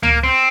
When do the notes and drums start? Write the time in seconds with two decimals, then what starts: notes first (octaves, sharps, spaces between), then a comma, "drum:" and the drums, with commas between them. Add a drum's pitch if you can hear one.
0.03 A#3, drum: tom C#2
0.24 C4